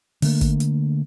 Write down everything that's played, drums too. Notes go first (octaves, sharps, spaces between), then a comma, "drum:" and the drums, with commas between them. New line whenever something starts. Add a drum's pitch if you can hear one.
D3 A3 A#3, drum: open hi-hat
drum: kick, hi-hat
drum: hi-hat